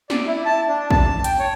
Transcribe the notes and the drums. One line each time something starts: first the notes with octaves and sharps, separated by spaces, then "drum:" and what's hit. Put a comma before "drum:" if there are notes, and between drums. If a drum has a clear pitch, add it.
D5, drum: snare
E4
A5
D4
A5, drum: kick
G5, drum: hi-hat
C#5